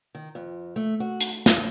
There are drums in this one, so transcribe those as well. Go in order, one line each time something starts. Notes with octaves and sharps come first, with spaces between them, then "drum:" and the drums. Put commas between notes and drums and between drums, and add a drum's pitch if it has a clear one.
D#3
F2
A3
F#4
drum: hi-hat
G2, drum: snare